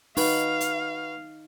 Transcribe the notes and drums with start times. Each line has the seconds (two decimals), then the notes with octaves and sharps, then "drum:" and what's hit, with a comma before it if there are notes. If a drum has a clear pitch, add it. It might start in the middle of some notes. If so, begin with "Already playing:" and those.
0.17 D#4 F#4 B4 F5 G5, drum: open hi-hat
0.61 drum: hi-hat